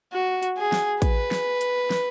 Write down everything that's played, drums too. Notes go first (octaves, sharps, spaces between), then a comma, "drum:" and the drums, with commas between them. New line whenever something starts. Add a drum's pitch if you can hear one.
F#4
drum: hi-hat
G#4
drum: snare
B4, drum: kick A1, hi-hat
drum: snare
drum: hi-hat
drum: snare